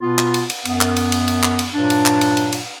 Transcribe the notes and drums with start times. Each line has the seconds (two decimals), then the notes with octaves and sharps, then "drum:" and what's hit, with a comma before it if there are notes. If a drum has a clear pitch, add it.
0.01 B2 B3 F4
0.18 drum: clap
0.34 drum: cymbal
0.50 drum: cymbal
0.65 F#2 B3, drum: cymbal
0.81 drum: clap
0.96 drum: cymbal
1.12 drum: cymbal
1.28 drum: cymbal
1.43 drum: clap
1.59 drum: cymbal
1.74 G2 A#2 F#3 D4
1.90 drum: cymbal
2.06 drum: clap
2.21 drum: cymbal
2.37 drum: cymbal
2.52 drum: cymbal